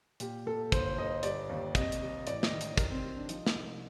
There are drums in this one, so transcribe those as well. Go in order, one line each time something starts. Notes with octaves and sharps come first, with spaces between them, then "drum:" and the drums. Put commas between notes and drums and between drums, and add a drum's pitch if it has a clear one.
A#2 G4, drum: hi-hat
A#2 A4
G1 C5, drum: kick, hi-hat
G1 D#5
G3 D5, drum: hi-hat
D#2
C3 D#5, drum: kick, hi-hat
drum: hi-hat
G3
A1 D5, drum: hi-hat
D#5, drum: snare
D#3
drum: hi-hat
G3 A#4, drum: kick, hi-hat
C4
G3
D4
F3 D#4, drum: hi-hat
drum: snare
C2